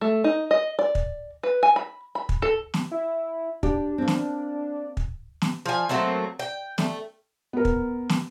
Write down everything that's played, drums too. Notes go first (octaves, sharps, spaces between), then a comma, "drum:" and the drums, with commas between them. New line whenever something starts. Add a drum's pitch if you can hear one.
A3
D#4
D#5
D5
drum: kick
B4
G#5
B5
B5
drum: kick
A4
drum: snare
E4
D4 G4, drum: kick
A#3 C4
drum: snare
drum: kick
drum: snare
F3 G#5
F#3 A3 A#3 C4
G5
A3, drum: snare
B3 A#4
drum: kick
drum: snare